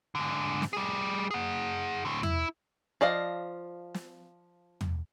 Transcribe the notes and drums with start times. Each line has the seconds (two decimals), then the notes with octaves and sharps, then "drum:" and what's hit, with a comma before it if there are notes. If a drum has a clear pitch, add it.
0.15 G#2 D3
0.62 drum: snare
0.73 G3 G#4
1.31 G#4 F#5
2.05 A2 D3
2.23 E4, drum: tom
3.01 F3 D5 D#5 F5
3.94 drum: snare
4.81 drum: tom